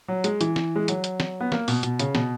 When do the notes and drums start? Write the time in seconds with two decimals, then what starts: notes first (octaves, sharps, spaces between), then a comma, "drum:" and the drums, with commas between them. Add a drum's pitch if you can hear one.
0.08 F#3
0.24 G#3, drum: hi-hat
0.41 E3, drum: hi-hat
0.56 drum: snare
0.76 G#3
0.88 F#3, drum: hi-hat
1.04 drum: hi-hat
1.20 drum: snare
1.40 B3
1.52 A#3, drum: snare
1.68 B2, drum: open hi-hat
1.83 B2, drum: hi-hat
1.99 C#3, drum: hi-hat
2.15 B2, drum: snare